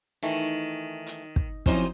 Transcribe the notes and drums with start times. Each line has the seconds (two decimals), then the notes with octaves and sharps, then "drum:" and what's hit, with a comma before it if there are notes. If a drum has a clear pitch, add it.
0.23 D#3 E3 A3 D#4
1.06 drum: hi-hat
1.36 drum: kick
1.66 F3 F#3 C4 C#4 D#4 E4 C5, drum: kick, hi-hat